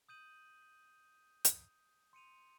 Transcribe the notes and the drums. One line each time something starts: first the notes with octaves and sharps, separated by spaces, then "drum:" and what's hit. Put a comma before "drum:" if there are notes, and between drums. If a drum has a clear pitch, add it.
D#6 G6 D#7 F#7
drum: hi-hat
C6 C#7 D#7 F7